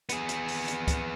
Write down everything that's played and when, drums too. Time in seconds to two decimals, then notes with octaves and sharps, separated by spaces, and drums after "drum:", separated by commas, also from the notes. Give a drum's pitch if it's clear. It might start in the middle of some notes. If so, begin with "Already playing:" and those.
0.09 B3 G#4, drum: hi-hat
0.29 drum: hi-hat
0.48 drum: open hi-hat
0.68 drum: hi-hat
0.88 drum: kick C#2, hi-hat